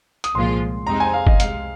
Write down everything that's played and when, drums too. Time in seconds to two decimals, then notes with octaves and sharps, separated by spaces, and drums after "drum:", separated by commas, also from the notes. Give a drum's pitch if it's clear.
0.24 D#6, drum: hi-hat
0.34 C2 A#2 F3 G#3 F4 C6
0.87 F2 C3 G#3 C4 D#4 A#5
1.00 G#5
1.14 F5
1.27 D#5, drum: kick
1.40 C2 C3 G#3 F5, drum: hi-hat